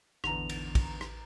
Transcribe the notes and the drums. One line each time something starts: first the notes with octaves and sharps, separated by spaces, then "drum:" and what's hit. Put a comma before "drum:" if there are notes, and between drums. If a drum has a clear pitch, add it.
A1 E2 D3 A#5 F7, drum: rim click
drum: cymbal
drum: kick, cymbal
drum: rim click